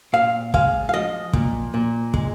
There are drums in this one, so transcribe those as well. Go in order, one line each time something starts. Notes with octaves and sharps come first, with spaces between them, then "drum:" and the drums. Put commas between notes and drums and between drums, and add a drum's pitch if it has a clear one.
A#2 F5
G#3 F5, drum: kick
F5
F3 D#5
A#2, drum: kick
A#2
G#3, drum: kick